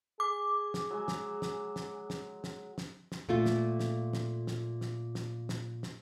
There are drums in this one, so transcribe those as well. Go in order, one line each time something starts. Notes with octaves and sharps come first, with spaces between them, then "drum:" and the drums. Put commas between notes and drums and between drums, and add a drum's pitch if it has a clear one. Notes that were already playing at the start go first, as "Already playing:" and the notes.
G#4 D6
drum: snare
F#3 G#3
drum: snare
drum: snare
drum: snare
drum: snare
drum: snare
drum: snare
drum: snare
A#2 A3 F4
drum: snare
drum: snare
drum: snare
drum: snare
drum: snare
drum: snare
drum: snare
drum: snare